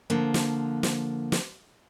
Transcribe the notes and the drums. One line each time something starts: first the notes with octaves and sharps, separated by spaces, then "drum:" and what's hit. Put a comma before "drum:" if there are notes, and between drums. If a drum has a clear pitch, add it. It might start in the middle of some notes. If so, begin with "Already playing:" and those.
D3 F3 A#3
drum: snare
drum: snare
drum: snare